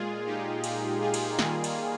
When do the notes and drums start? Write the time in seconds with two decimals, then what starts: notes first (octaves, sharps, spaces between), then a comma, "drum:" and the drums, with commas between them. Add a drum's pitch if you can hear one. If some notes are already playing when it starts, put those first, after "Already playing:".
Already playing: A#2 G#3 F4 G#4
0.26 D#4 G4
0.64 drum: cymbal
1.01 F4 G#4
1.14 drum: cymbal
1.39 D#3 G3 A#3 F4 G#4, drum: snare
1.64 drum: cymbal